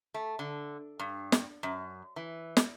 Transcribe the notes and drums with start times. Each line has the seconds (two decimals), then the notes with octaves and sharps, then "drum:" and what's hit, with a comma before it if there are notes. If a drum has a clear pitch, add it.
0.14 A3
0.39 D3
0.99 G2
1.32 drum: snare
1.63 F#2
2.16 E3
2.57 drum: snare